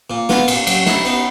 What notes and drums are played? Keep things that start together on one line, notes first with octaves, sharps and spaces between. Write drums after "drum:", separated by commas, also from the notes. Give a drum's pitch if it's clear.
A#2
B3 F4, drum: snare
A#2, drum: cymbal
F#3, drum: cymbal
D#4 E4, drum: snare
B3 D#4